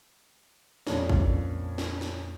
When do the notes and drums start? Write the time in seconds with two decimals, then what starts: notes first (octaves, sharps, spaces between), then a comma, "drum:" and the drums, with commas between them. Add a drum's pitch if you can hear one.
0.87 F2 A#2 C#4 D4, drum: snare
1.09 drum: kick
1.78 drum: snare
2.01 drum: snare